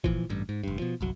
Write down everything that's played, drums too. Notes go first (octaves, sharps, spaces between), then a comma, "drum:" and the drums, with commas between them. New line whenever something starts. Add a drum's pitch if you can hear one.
A#2 E3 F3, drum: kick
A1 G2
G#2
F1 G2
B2 F3
G1 C2 F#3